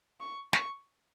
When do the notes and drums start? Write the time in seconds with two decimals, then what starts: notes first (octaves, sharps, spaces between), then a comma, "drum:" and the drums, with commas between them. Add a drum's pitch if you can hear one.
0.20 C#6
0.53 C#6, drum: snare